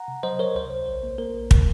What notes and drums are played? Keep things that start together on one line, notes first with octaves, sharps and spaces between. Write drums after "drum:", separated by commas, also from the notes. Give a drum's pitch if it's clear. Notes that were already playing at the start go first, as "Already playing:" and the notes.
Already playing: F#5 A#5
C3
F#3 C5 D#5
C3 A#4 C#5
C#2 C5
C#2
A#1
A#3
A#3 A#4
A#1
drum: kick